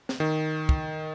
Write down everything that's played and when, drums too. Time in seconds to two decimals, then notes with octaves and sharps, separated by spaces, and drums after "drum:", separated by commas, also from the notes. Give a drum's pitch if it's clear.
0.09 drum: snare
0.20 D#3
0.69 drum: kick